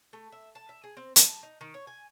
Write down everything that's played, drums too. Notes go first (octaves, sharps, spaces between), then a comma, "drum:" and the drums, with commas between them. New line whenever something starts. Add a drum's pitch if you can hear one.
A3
E5
A5
E5
G#4
C4
A5, drum: hi-hat
D#4
D#3
C#5
G#5